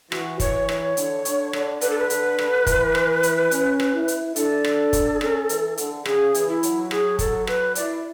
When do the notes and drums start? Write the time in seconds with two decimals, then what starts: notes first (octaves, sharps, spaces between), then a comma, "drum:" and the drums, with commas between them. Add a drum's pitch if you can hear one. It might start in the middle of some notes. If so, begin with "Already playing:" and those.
0.12 E3 F#4, drum: rim click
0.40 C#5, drum: kick, hi-hat
0.69 C#5, drum: rim click
0.97 D3, drum: hi-hat
1.25 D3, drum: hi-hat
1.53 D3, drum: rim click
1.81 D3 B4, drum: hi-hat
1.90 A4
1.98 B4
2.10 D3, drum: hi-hat
2.39 D3, drum: rim click
2.67 E3, drum: kick, hi-hat
2.95 drum: rim click
3.23 drum: hi-hat
3.51 C#4, drum: hi-hat
3.80 drum: rim click
3.94 E4
4.08 drum: hi-hat
4.36 D4 A4, drum: hi-hat
4.64 drum: rim click
4.93 drum: kick, hi-hat
5.21 C#4, drum: rim click
5.49 E3, drum: hi-hat
5.78 D3, drum: hi-hat
6.05 C#3 G#4, drum: rim click
6.34 E3, drum: hi-hat
6.48 E4
6.63 F#3, drum: hi-hat
6.91 G#4, drum: rim click
7.19 A4, drum: kick, hi-hat
7.47 B4, drum: rim click
7.75 E4 D5, drum: hi-hat